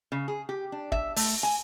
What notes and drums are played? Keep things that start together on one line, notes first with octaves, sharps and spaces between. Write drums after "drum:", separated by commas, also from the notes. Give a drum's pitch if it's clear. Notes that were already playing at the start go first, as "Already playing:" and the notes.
C#3
G#4
G4
D4
E5, drum: kick
A3, drum: open hi-hat
G#5